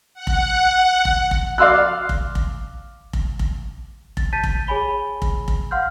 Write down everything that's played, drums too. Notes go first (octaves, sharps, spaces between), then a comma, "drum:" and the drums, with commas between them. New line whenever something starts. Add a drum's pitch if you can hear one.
F#5
drum: kick F1
drum: kick F1
drum: kick F1
D5 F5 C6 E6 F#6
drum: kick F1
drum: kick F1
drum: kick F1
drum: kick F1
A6, drum: kick F1
A5 G6 A6 B6 D#7
drum: kick F1
G#4 C#5 G#5 B5 G7
drum: kick F1
drum: kick F1
F5 F#5 C6 F6 G6